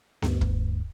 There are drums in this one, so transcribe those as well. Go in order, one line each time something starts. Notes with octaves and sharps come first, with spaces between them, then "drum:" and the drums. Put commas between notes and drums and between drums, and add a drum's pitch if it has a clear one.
D2 G2, drum: snare B3
drum: kick